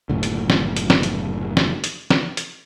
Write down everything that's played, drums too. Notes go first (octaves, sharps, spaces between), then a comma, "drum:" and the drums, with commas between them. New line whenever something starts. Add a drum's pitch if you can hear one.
F#1 A2 D3
drum: hi-hat
drum: snare
drum: hi-hat
drum: snare
drum: hi-hat
drum: snare
drum: hi-hat
drum: snare
drum: hi-hat